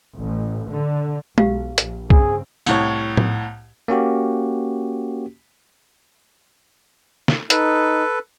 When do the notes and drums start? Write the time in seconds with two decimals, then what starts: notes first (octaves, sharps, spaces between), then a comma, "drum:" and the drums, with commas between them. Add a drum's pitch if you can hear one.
0.19 A1
0.71 D3
1.38 B1 G4 F5, drum: tom
1.78 A#1, drum: hi-hat
2.10 G2 C#3 C4 G#4, drum: kick B1
2.66 C2 A2 C#5, drum: tambourine
3.17 drum: tom A2
3.88 A#3 C#4 F#4 G4
7.28 drum: snare
7.50 D#4 A4 B4, drum: hi-hat